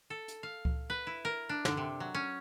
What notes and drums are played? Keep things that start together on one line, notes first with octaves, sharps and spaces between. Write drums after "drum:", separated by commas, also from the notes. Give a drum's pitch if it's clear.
A4
drum: hi-hat
F5
drum: kick C#2
B4
E4
A#4
D4
D3, drum: snare
C3
F#3
C#4